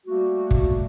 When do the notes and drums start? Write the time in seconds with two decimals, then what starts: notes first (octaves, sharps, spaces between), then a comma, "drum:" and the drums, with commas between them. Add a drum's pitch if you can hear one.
0.06 G3 A3 A#3 F#4
0.51 drum: kick